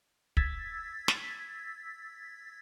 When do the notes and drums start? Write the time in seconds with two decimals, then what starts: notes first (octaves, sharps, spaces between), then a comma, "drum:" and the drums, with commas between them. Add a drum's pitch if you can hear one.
0.37 E6 G#6 A6 B6, drum: kick
1.08 drum: snare